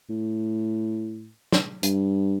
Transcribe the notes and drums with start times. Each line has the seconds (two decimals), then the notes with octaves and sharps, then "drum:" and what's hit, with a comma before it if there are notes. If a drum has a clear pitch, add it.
0.10 A2
1.52 drum: snare
1.83 G2, drum: hi-hat